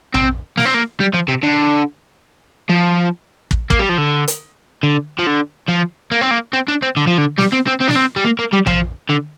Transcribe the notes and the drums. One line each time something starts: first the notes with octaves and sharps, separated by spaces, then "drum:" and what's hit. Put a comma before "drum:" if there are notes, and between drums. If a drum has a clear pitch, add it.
C4, drum: tom A#1
A#3, drum: snare
C4
A#3
G3
F3
C3
D3
F3
drum: kick
A#3, drum: kick
G3
F3
D3
drum: hi-hat
D3
F3
D3
F3
A#3
C4
A#3
C4
D4
C4
D3
F3
D3
G3, drum: snare
C4
C4
C4
D4, drum: snare
C4
G3
A#3
A#3
G3
F3, drum: tom A#1
D3